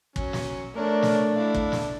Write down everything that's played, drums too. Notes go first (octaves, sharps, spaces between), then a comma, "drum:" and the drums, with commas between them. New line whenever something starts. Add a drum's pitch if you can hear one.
F#3 C#4, drum: kick
drum: snare
A3 D4 A#4 C#5 D5
drum: snare
E4 F5
drum: kick
drum: snare